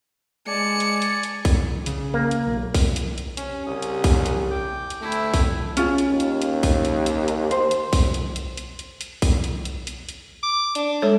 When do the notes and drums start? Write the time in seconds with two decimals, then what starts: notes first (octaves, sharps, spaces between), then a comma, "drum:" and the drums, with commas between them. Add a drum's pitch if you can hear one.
0.47 G#3 D5 G#5 A5 C#7
0.80 drum: hi-hat
1.02 drum: hi-hat
1.23 drum: hi-hat
1.45 drum: kick B1, open hi-hat
1.86 C#3, drum: hi-hat
2.14 A#3
2.31 drum: hi-hat
2.47 B1
2.74 drum: kick B1, open hi-hat
2.96 drum: hi-hat
3.18 drum: hi-hat
3.37 C3 C#4, drum: hi-hat
3.67 C2 C#3 C#4 G4 D#6
3.82 drum: hi-hat
4.04 drum: kick B1, open hi-hat
4.26 drum: hi-hat
4.51 G5 D6 G6
4.90 drum: hi-hat
5.01 D2 A3 E4
5.12 drum: hi-hat
5.34 drum: kick B1, open hi-hat
5.77 C#4 F4 G#4, drum: hi-hat
5.98 drum: hi-hat
6.08 D#2
6.20 drum: hi-hat
6.42 drum: hi-hat
6.63 drum: kick B1, open hi-hat
6.85 drum: hi-hat
7.06 drum: hi-hat
7.28 drum: hi-hat
7.51 C5, drum: hi-hat
7.71 drum: hi-hat
7.93 drum: kick B1, open hi-hat
8.14 drum: hi-hat
8.36 drum: hi-hat
8.57 drum: hi-hat
8.79 drum: hi-hat
9.01 drum: hi-hat
9.22 drum: kick B1, open hi-hat
9.44 drum: hi-hat
9.65 drum: hi-hat
9.87 drum: hi-hat
10.09 drum: hi-hat
10.43 D6
10.75 D4, drum: hi-hat
11.02 G#3 A4 C#5